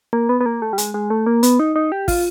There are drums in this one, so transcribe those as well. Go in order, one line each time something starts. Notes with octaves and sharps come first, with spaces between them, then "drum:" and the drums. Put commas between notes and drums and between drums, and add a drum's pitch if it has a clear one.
A#3
B3
B3
A#3
A3
G3
G#3, drum: hi-hat
G#3
A3
A#3
B3, drum: hi-hat
D#4
D#4
G4
F4, drum: kick, open hi-hat